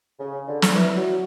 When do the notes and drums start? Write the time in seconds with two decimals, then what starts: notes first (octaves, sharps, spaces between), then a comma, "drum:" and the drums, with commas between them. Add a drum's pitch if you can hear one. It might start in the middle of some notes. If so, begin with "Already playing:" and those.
0.20 C#3
0.48 D3
0.62 drum: snare
0.75 E3
0.96 F#3